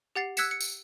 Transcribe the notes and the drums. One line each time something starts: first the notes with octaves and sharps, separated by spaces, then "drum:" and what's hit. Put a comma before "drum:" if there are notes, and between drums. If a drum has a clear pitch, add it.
G4 F#5 A6 C7
E6 F#6 G#6 B6 C#7 E7, drum: tambourine
C#7
drum: tambourine